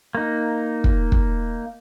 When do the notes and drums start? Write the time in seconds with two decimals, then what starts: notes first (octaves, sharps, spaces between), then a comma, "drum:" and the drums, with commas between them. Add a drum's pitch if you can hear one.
0.15 A#3 D#4
0.84 drum: kick
1.12 drum: kick